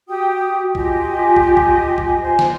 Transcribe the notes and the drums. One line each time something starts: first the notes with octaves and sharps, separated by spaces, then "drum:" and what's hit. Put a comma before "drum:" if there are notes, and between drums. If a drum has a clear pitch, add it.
F#4 G4 G5 D#6
F4 G4 D#5 G#5, drum: kick
drum: kick
drum: kick
drum: kick
C5 G#5
drum: snare